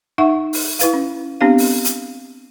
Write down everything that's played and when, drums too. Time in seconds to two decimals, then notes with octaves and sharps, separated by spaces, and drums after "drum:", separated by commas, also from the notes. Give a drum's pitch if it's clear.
0.18 D#4 E5 F#5 C#6
0.53 drum: open hi-hat
0.79 E4 B4 F5, drum: hi-hat
0.94 C#4
1.41 B3 C4 D4 G4 F5
1.58 drum: open hi-hat
1.84 drum: hi-hat